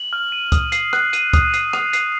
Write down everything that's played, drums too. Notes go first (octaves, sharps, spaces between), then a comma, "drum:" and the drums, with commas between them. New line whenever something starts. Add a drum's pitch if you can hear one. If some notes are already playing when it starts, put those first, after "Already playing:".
Already playing: F#7
F6
D#7
D#6, drum: kick C#2, hi-hat
C7, drum: hi-hat
F#6, drum: rim click
D#7, drum: hi-hat
D#6, drum: kick C#2, hi-hat
C7, drum: hi-hat
D#6, drum: rim click
C7, drum: hi-hat